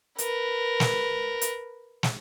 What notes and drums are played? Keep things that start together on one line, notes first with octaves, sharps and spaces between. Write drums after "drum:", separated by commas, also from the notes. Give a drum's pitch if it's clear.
A#4 B4, drum: hi-hat
drum: snare
drum: hi-hat
drum: snare